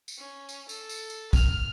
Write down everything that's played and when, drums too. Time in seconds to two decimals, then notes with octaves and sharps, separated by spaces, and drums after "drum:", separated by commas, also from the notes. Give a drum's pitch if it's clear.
0.08 drum: tambourine
0.18 C#4
0.49 drum: tambourine
0.69 A4, drum: tambourine
0.89 drum: tambourine
1.10 drum: tambourine
1.33 F6, drum: kick, tambourine